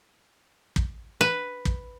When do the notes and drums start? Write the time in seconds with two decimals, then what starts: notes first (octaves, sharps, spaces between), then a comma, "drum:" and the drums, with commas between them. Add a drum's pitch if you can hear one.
0.76 drum: kick
1.21 B4
1.65 drum: kick